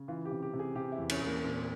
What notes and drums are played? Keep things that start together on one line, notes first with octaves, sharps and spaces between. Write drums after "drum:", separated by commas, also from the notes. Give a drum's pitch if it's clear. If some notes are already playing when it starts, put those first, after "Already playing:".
Already playing: C#3
E3 F4
G4
C3
G4
C3
G#4
C3 G4
E4
E2
C#4, drum: cymbal
E2
A#3
A#2 C4